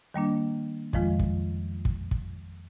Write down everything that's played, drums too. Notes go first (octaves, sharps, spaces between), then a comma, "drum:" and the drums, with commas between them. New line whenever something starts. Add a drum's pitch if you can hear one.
D#3 G3 A#3 D4
F2 D#3 F3 G#3 F4, drum: kick
drum: kick
drum: kick
drum: kick